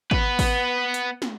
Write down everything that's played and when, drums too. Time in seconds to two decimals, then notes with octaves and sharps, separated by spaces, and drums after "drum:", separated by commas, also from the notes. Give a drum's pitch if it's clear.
0.11 B3 B4, drum: kick G#1
0.39 drum: kick G#1, open hi-hat
0.94 drum: hi-hat
1.22 drum: snare